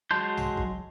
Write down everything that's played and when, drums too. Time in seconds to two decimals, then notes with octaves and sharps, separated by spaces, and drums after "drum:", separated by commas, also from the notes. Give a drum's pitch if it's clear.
0.11 F#3 G#3 A5 C6 G6
0.37 drum: tom A#1
0.57 drum: kick